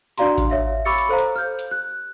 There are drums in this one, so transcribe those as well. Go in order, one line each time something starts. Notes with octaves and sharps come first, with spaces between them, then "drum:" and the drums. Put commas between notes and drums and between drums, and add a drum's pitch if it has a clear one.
D4 F#4 D5 F5 A#5 C6, drum: hi-hat
drum: kick A1, hi-hat
C#5 E5 F5
B5 C#6 D6 E6 A6 C#7
drum: hi-hat
A4 C5 F5 A#5
drum: hi-hat
F6 G6
drum: hi-hat
F#6